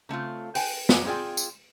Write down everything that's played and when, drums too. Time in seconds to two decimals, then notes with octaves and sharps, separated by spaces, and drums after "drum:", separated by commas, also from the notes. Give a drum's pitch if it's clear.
0.09 C#3 A3 C4 F4
0.55 B4 G5 G#5, drum: open hi-hat
0.89 F#3 G#3 A#3 G#5, drum: snare
1.05 C4 F4 G#4 D5 G5
1.37 drum: tambourine